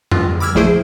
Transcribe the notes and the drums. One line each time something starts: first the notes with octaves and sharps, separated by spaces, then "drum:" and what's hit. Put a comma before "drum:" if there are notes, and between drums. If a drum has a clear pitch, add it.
F4, drum: tom F2
B5 D6 E6 F6 G#6
A#1 A3 E4 G#4 C5 D7